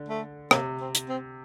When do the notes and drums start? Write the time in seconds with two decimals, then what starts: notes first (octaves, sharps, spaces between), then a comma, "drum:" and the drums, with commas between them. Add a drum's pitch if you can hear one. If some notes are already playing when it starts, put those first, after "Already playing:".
Already playing: D3
0.08 A3
0.51 C3 A#3, drum: rim click
0.80 C4
0.95 drum: hi-hat
1.09 C4